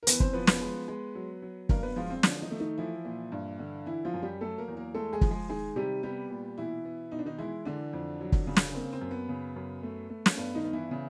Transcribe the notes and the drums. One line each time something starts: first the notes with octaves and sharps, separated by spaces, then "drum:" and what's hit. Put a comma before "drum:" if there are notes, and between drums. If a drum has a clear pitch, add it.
A#4
E2 B3 B4, drum: hi-hat
C4 C5, drum: kick
F3 B3 B4
B3 B4, drum: snare
G#3
G#3
F#3
F#3
G2 A#3 A#4, drum: kick
B3 B4
F3 G#3 F4
C4
D3 F3 D4, drum: snare
D#3 D#4
A3
D#3 D#4
E3 F3 E4
A#2
G2
D3
E3 E4
F3 F4
F#2
G3 G4
F#3 A3 A4
A#3 A#4
E2
A#3 A#4
G#3 A3 A4
G#3 G#4
F3, drum: kick
G#3 G#4
D#3 G#3 G#4
C3 G3 G4
G3 B3 G4
A#2
B2 E3 E4
B3
B2 D#4
D4
D#3 D#4
E3 G#3 E4
D3 E3 D4
F2
F#3
drum: kick
C#3
drum: snare
A#3 C4
C4
F#2
B3
C#3
F#2
A3
A3
drum: snare
G2 B3
D#3 D#4
B3
E3 E4
C#3